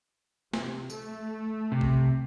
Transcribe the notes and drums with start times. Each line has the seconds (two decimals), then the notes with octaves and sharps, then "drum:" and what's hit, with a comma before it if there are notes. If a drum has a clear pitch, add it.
0.53 C3, drum: snare
0.90 A3, drum: tambourine
1.72 C3
1.81 drum: kick A1